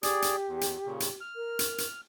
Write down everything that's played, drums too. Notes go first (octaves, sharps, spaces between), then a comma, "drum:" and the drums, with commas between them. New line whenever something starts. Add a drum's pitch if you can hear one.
G4 G#4 D5, drum: hi-hat
drum: hi-hat
E2
drum: hi-hat
A#2 C#3
drum: hi-hat
F6
A#4
drum: hi-hat
drum: hi-hat